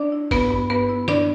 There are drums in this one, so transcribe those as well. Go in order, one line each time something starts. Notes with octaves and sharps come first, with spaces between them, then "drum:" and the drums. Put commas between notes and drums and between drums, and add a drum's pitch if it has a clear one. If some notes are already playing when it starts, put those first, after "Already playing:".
Already playing: D4 D5
E4
G2 B3 B4, drum: kick G1, open hi-hat
G2
G2 B3 B4
E4
G2 D4 D5, drum: snare